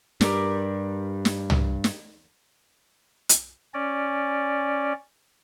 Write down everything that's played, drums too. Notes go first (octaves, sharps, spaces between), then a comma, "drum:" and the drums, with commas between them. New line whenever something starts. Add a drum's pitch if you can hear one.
G2 G4 A#4 D5, drum: snare
drum: snare
drum: tom
drum: snare
drum: hi-hat
C#4 D5